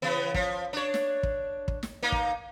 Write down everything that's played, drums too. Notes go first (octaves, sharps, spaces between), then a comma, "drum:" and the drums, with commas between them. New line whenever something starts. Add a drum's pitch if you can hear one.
C#3 E3 B3
F3, drum: kick
D4 C#5
drum: snare
drum: kick
drum: kick
drum: snare
A#3 D#4
drum: kick